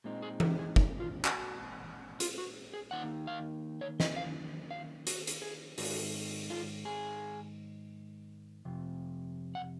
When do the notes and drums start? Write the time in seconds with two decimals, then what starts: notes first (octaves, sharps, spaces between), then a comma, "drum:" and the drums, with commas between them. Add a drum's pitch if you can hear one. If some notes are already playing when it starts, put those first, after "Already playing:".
0.04 A#2 G#3 C4 D#4
0.22 G#4
0.40 A#4, drum: tom E3
0.59 G#4
0.76 D#4, drum: kick
1.00 F4
1.25 F#4, drum: clap
2.20 F4, drum: hi-hat
2.38 F#4
2.74 G#4
2.91 D#3 A#3 D#4 F#5
3.27 F5
3.81 C#5
4.00 D#5, drum: snare
4.16 F5
4.71 F5
5.07 F#4, drum: hi-hat
5.27 drum: hi-hat
5.42 G#4
5.78 G#2 D#3 G#3 D#4 F#4, drum: open hi-hat
6.50 F4
6.85 G#4
8.65 F2 C3
9.55 F#5